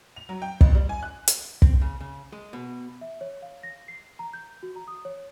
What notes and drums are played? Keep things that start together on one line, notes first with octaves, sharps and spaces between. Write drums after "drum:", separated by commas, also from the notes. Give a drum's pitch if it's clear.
F7
F#3
G5
A1, drum: kick
G3
G#5
F#6
drum: hi-hat
C4, drum: kick
C#3
C#3
G#3
B2
E5
C#5
F5
A#6
C7
A#5
G6
F#4
A#5
D#6
C#5